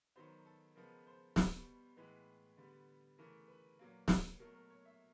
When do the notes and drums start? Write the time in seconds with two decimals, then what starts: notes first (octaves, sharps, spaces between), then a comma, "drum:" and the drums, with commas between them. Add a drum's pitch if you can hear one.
0.16 D#3 F#3 B3 C5
0.46 A4
0.75 C#3 F3 G#3 B3 A#4
1.06 C5
1.36 B2 G3 B3, drum: snare
1.97 A2 E3 G#3 B3 B4
2.57 D3 G3 B3
3.18 C#3 E3 A3 A#4
3.48 B4
3.79 A#2 F#3 A#3
4.08 drum: snare
4.40 B2 F#3 A3 A#4
4.55 A#4
4.70 C#5
4.85 E5